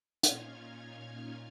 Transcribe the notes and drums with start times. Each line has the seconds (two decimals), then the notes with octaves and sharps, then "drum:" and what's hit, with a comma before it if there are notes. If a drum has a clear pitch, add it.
0.23 A#2 C#4 D#4 F4 F6 G#6, drum: hi-hat